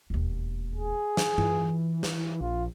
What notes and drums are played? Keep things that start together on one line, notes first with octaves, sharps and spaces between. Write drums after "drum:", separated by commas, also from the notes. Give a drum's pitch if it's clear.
E1 D#2
G#4
drum: snare
E3 F4, drum: tom G2
drum: snare
A#1 F4